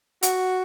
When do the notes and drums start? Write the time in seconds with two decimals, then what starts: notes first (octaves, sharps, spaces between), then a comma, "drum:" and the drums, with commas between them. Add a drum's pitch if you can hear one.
0.23 F#4, drum: hi-hat